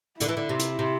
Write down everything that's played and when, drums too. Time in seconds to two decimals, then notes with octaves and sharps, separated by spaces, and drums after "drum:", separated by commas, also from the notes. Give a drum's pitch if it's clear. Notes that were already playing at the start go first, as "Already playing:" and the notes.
0.20 D3 E4, drum: hi-hat
0.29 E3
0.37 D3
0.49 C3
0.59 drum: hi-hat
0.79 C3